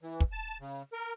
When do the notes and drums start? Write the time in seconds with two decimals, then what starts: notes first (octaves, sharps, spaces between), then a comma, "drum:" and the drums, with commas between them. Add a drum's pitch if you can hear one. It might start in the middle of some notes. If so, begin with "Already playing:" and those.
0.02 E3
0.20 drum: kick
0.32 A5
0.61 C#3
0.93 A#4